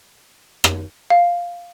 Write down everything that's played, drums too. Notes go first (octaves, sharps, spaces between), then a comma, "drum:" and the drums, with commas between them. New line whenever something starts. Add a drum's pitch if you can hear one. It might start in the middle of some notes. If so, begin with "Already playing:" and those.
drum: rim click
F5